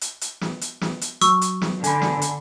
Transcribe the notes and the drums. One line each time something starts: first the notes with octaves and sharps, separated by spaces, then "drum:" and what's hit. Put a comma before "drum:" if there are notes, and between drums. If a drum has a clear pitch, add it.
drum: hi-hat
drum: hi-hat
drum: snare
drum: hi-hat
drum: snare
drum: hi-hat
F#3 C#6 E6, drum: hi-hat
drum: hi-hat
drum: snare
D3 G#5 B5, drum: hi-hat
drum: snare
drum: hi-hat